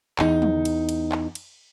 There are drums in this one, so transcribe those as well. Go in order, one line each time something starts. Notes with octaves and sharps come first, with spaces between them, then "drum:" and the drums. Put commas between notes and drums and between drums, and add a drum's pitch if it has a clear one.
E2 D#4, drum: clap
drum: tom
drum: cymbal
drum: cymbal
drum: clap
drum: cymbal